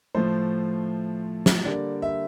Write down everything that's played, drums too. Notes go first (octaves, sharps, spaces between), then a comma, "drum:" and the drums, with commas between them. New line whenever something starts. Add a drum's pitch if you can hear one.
A2 F3 A3 C5
drum: snare
D3 G3 A#3 D5
E5